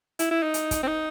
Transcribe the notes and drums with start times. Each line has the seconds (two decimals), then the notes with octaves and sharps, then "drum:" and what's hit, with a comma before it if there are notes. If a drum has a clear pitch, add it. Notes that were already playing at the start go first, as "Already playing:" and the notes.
0.19 E4, drum: hi-hat
0.31 E4
0.43 D#4
0.54 drum: hi-hat
0.71 drum: kick, hi-hat
0.83 C4
0.88 D#4